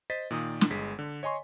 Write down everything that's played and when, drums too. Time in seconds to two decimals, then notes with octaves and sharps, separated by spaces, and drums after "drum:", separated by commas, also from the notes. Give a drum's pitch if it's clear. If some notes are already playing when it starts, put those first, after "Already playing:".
0.10 C5 D#5 A6 B6
0.31 A#2 D#3 D#6
0.61 drum: snare
0.71 G1 G#3 B6
0.99 D3
1.23 C#5 D#5 G#5 C6 C#6